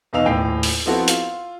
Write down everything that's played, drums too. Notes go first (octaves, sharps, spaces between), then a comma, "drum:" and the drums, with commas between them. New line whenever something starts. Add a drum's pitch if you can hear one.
E2 B2 D#4 F5 E6 F7
D#1 A2 G5 C7
drum: open hi-hat
F3 B3 C4 E4 F#4 A4
F4, drum: hi-hat